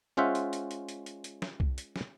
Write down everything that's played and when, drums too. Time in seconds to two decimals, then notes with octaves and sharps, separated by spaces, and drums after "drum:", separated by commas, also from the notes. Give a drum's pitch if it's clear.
0.17 G#3 C#4 F4 C5 E5 F#5
0.35 drum: hi-hat
0.53 drum: hi-hat
0.71 drum: hi-hat
0.89 drum: hi-hat
1.06 drum: hi-hat
1.24 drum: hi-hat
1.42 drum: snare
1.60 drum: kick C2
1.78 drum: hi-hat
1.96 drum: snare